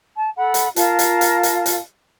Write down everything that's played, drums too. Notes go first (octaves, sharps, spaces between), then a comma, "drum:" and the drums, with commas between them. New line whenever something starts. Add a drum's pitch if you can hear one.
A5
A4 F#5 B5
drum: hi-hat
F4 A#4 F5 A5, drum: hi-hat
drum: hi-hat
drum: hi-hat
drum: hi-hat
drum: hi-hat